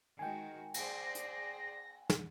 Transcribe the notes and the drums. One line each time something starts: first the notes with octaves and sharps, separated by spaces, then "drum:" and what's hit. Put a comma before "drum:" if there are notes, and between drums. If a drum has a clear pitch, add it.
D#3 G#3 F#4 G5 G#5
G#4 C5 D5 A#6, drum: cymbal
drum: hi-hat
drum: snare